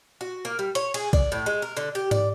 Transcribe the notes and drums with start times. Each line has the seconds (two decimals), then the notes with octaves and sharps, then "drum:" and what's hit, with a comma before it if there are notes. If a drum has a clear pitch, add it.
0.21 F#4
0.45 A#3
0.59 G3
0.75 C#5, drum: hi-hat
0.94 G#4, drum: cymbal
1.13 D5, drum: kick B1
1.32 A2
1.46 G#3
1.62 A#4
1.77 D3
1.95 G4
2.11 D5, drum: tom G#2